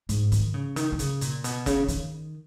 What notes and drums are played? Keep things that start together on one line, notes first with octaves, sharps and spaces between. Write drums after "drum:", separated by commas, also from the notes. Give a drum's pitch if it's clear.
G#2, drum: hi-hat
D#3, drum: hi-hat
C#3
D#3, drum: hi-hat
D#3
C#3, drum: hi-hat
A#2, drum: hi-hat
B2, drum: hi-hat
C#3, drum: kick, hi-hat
D#3, drum: hi-hat